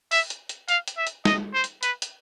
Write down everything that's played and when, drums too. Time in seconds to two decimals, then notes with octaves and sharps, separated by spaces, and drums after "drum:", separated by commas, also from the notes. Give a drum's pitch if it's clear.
0.12 E5, drum: open hi-hat
0.30 drum: hi-hat
0.49 drum: hi-hat
0.69 F5, drum: hi-hat
0.88 drum: hi-hat
0.97 E5
1.07 drum: hi-hat
1.25 D#5, drum: snare
1.54 C5
1.64 drum: hi-hat
1.83 B4, drum: hi-hat
2.02 drum: hi-hat